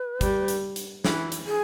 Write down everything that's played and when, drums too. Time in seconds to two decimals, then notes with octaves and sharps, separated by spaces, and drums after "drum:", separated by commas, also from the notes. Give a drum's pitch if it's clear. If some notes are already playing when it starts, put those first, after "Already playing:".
Already playing: B4
0.21 G3, drum: kick, hi-hat
0.48 drum: hi-hat
0.76 drum: hi-hat
1.05 E3, drum: snare
1.32 drum: hi-hat
1.46 G#4